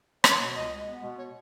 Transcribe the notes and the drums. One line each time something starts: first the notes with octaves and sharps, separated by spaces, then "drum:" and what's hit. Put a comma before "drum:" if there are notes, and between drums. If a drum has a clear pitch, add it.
B3 C#5, drum: rim click
B2
C#2 D#5
G#3
B3
B2
C#5